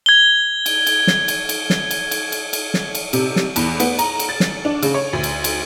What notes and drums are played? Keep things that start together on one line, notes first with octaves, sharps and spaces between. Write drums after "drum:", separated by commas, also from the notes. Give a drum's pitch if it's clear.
G#6 G7
drum: cymbal
drum: cymbal
drum: snare
drum: cymbal
drum: cymbal
drum: snare
drum: cymbal
drum: cymbal
drum: cymbal
drum: cymbal
drum: snare
drum: cymbal
C3, drum: cymbal
drum: snare
E2, drum: cymbal
B3, drum: cymbal
A#5, drum: cymbal
drum: cymbal
A6
drum: snare
D4
C#3, drum: cymbal
C#5
D2
drum: cymbal
drum: cymbal